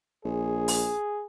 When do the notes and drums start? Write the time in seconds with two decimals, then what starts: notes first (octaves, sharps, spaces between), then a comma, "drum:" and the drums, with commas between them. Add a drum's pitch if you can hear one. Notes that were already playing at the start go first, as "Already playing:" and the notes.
0.25 A#1 G#4
0.68 drum: open hi-hat